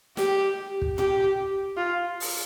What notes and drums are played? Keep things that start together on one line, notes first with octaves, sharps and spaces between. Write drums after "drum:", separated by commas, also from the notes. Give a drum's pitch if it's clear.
G4, drum: snare
drum: kick
G4, drum: tom A#2
F4
drum: open hi-hat